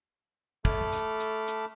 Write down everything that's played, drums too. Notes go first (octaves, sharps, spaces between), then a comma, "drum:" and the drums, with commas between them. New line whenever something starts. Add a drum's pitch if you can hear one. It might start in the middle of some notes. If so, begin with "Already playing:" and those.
A3 A4 B5 D6 F6, drum: kick
drum: hi-hat
drum: hi-hat
drum: hi-hat